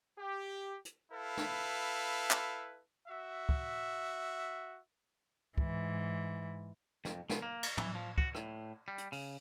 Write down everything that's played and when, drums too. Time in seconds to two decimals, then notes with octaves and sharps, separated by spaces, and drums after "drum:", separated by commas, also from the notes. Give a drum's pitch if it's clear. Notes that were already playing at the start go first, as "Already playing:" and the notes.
0.18 G4
0.85 drum: hi-hat
1.12 E4 A4 B4 F5
1.37 drum: snare
2.31 drum: clap
3.07 F#4 E5
3.49 drum: kick
5.58 G#2 E3, drum: kick
7.05 F2, drum: snare
7.30 B2, drum: snare
7.42 A#3
7.63 drum: cymbal
7.77 E3, drum: tom
7.95 F3
8.18 F#4, drum: kick
8.35 A2, drum: rim click
8.88 G3
8.98 drum: hi-hat
9.12 C#3, drum: open hi-hat